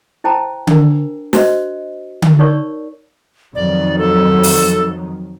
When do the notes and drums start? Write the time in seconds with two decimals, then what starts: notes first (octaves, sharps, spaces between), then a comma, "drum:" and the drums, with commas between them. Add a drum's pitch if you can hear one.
0.24 E4 C5 G5 A5 A#5
0.67 D4 A#4, drum: tom D3
1.33 F#4 B4 C5 D#5, drum: snare
2.22 drum: tom D3
2.39 D#4 A#4 C#5 D5 C#6
3.55 F2 D#3 F#3 D5
3.98 A4
4.43 drum: open hi-hat